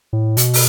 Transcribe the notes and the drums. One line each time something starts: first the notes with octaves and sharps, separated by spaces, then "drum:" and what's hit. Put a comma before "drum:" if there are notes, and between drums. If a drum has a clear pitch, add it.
A2
B2, drum: hi-hat
drum: open hi-hat